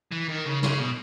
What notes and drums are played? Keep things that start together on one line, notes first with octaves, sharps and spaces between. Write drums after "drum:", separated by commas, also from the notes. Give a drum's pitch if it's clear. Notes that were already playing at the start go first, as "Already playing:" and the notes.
E3
D#3
C#3
C#3, drum: snare
B2